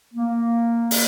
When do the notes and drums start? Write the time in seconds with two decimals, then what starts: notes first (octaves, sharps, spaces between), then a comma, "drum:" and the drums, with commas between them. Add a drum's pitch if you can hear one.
0.14 A#3
0.91 drum: open hi-hat